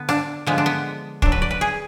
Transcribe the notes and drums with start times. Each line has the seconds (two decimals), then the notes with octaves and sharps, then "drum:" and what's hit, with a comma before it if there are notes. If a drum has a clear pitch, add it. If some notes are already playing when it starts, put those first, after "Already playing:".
Already playing: D3 B3
0.09 D4, drum: rim click
0.47 D3 F3 G#3 B3
0.58 D4
0.66 B3
1.22 D3 F#3 D4, drum: kick
1.32 B4
1.42 D5
1.51 B4
1.61 G#4